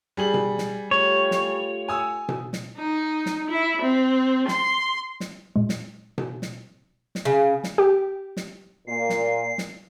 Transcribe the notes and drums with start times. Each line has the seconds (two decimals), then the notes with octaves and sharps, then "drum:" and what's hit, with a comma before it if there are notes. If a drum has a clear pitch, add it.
0.17 G3 G#4 F#7
0.34 drum: tom B2
0.58 drum: snare
0.91 A3 F4 G4 C#5
1.31 drum: snare
1.88 G#5 D#6 E6
2.29 drum: tom B2
2.53 drum: snare
2.77 D#4
3.26 drum: snare
3.50 E4
3.82 C4
4.48 C6, drum: snare
5.20 drum: snare
5.56 A#2 G#3
5.69 drum: snare
6.18 drum: tom B2
6.42 drum: snare
7.15 drum: snare
7.25 C#3
7.64 drum: snare
7.78 G4
8.37 drum: snare
8.87 A#2 C7
9.10 drum: snare
9.58 drum: snare